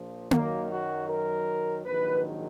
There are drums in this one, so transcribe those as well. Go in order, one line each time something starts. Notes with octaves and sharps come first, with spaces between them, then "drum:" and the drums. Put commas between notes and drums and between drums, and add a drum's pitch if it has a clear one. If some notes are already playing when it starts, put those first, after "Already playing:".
Already playing: A#1 A#2 F3
F#2 D#3 F#3 A#3, drum: tom A#3
F#4
A#4
A#1 G#2 D#3 F#3 B4